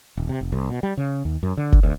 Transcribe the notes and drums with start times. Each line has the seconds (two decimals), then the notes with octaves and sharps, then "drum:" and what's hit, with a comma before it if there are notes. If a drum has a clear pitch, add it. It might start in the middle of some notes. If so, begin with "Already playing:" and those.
0.17 D#1
0.29 C3
0.41 F1
0.52 C2
0.70 B2
0.83 G3
0.97 C#3
1.25 D#2
1.43 F#2
1.57 D3
1.72 drum: kick
1.83 D2